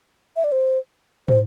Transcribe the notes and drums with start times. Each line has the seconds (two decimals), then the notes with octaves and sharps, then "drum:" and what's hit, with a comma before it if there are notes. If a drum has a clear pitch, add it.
0.36 E5
0.44 D5
0.52 C5
1.28 C5, drum: tom